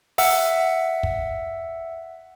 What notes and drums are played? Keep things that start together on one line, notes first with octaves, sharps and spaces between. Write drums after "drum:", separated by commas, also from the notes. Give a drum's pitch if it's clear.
E5 F#5 E6, drum: open hi-hat
drum: kick